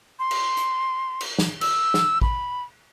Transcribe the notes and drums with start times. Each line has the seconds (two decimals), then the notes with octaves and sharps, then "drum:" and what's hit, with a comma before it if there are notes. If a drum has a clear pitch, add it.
0.19 C6
0.31 drum: cymbal
0.57 drum: hi-hat
1.21 drum: cymbal
1.39 drum: snare
1.61 E6, drum: cymbal
1.94 drum: snare
2.22 B5, drum: kick